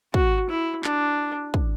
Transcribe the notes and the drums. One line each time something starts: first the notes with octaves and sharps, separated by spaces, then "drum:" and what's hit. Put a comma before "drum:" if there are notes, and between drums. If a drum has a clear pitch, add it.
F#4, drum: kick
E4
D4, drum: clap
drum: kick